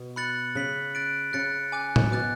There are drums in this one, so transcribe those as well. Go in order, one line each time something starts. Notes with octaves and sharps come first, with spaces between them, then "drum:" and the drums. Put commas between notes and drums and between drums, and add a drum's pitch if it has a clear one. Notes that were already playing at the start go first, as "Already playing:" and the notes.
Already playing: B2
B5 F#6 A6 C#7 F#7
C#3 F#6 B6 F#7
F#6 A6 D7
C#3 F#6 A6 C#7
G#5 D6 F#6
drum: tom A2
B2 D6 F#6 A6